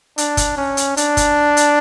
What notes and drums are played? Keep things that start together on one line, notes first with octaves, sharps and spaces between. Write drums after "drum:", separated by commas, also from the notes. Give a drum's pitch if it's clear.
D4, drum: hi-hat
drum: kick, hi-hat
C#4
drum: hi-hat
D4, drum: hi-hat
drum: kick, hi-hat
drum: hi-hat